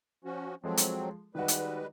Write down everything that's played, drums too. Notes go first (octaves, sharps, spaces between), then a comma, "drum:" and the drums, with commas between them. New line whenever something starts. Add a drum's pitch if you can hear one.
F3 C#4 F#4
F3 F#3 G#3 C4 A4
drum: hi-hat
D#3 G3 G#3 F#4 B4
drum: hi-hat